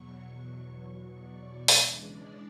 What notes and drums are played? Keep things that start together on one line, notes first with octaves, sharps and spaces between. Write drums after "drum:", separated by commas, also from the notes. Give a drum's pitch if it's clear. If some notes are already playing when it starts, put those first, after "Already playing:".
Already playing: E2 B2 F#3 C#6
D5
C#3 E3 G#3 D4, drum: open hi-hat